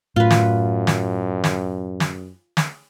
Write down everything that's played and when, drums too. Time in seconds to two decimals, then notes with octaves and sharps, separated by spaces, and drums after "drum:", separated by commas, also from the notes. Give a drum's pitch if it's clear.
0.16 F#2 A2 F4 B4
0.30 drum: snare
0.87 drum: snare
1.44 drum: snare
2.00 drum: snare
2.57 drum: snare